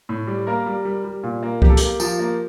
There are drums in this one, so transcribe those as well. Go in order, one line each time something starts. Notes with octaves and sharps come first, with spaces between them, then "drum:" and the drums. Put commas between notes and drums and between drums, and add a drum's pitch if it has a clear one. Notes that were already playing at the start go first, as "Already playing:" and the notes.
A2
G3
A#3 A#4
G3
G3
G3
A#2
A#3
A#3 G4, drum: kick C2
A4
A#3 G4, drum: hi-hat
F3, drum: tambourine
A#3